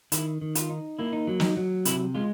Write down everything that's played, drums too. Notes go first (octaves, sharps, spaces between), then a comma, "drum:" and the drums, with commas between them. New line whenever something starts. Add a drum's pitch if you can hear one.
D#3 E4, drum: hi-hat
D#3
F4, drum: hi-hat
D#4
A#3 E4
D#4
F#3
D#4, drum: snare
F#3
C3 E4, drum: hi-hat
G#3 F4